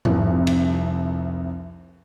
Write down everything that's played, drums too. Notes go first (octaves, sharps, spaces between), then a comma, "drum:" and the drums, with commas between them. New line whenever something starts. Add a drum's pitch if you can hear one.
F1 C2, drum: tom G#2
drum: cymbal